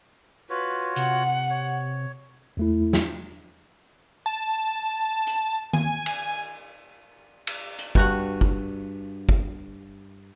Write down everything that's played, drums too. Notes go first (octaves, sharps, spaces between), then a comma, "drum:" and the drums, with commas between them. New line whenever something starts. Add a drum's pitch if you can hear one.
F4 F#4 B4 C#5
C3 F#5, drum: hi-hat
C#5
E2 A3 E4
drum: snare
A5
drum: hi-hat
G#5, drum: tom D#3
drum: cymbal
drum: cymbal
drum: hi-hat
G2 F#4 F#5, drum: kick G1
drum: kick G1
drum: kick G1